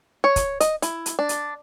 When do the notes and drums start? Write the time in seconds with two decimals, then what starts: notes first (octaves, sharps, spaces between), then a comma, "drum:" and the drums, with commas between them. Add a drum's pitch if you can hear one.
0.24 C#5
0.36 drum: kick, hi-hat
0.60 D#5, drum: hi-hat
0.82 E4, drum: hi-hat
1.06 drum: hi-hat
1.19 D4
1.29 drum: hi-hat